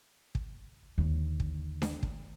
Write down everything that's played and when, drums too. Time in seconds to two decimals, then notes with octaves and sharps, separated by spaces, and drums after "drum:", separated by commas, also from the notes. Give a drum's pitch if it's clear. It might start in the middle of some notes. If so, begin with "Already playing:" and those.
0.35 drum: kick
0.98 D#2 D3
1.40 drum: kick
1.82 drum: snare D4
2.03 drum: kick